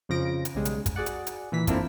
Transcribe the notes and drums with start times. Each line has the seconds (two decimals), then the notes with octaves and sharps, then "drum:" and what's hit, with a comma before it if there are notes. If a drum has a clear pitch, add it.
0.09 F2 C#3 F3 A#6 D7
0.45 drum: hi-hat
0.54 B1 C#3 G3 G#3
0.65 drum: hi-hat
0.86 drum: kick, hi-hat
0.96 F#4 G#4 D5 F#5
1.06 drum: hi-hat
1.27 drum: hi-hat
1.52 A#2 E3 B6
1.67 A#3 C4 D4 E4 F4 A4, drum: kick, hi-hat